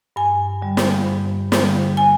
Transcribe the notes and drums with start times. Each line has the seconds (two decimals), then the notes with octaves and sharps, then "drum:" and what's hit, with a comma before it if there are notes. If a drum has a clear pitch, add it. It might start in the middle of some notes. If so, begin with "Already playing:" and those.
0.16 G2 G#5
0.62 D3 G3
0.77 drum: snare
1.07 G2
1.52 D3 G3, drum: snare
1.97 G#5